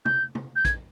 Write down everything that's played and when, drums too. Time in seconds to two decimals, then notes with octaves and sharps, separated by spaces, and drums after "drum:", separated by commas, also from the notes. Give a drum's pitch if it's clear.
0.05 G6, drum: tom
0.35 drum: tom
0.56 G6
0.65 G#6, drum: kick, hi-hat